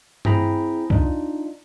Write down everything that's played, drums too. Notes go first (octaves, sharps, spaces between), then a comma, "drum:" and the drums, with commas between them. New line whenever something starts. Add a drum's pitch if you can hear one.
C4 E4 G#4 G5 A#5 B5, drum: tom G2
D4 D#4 F4, drum: kick C2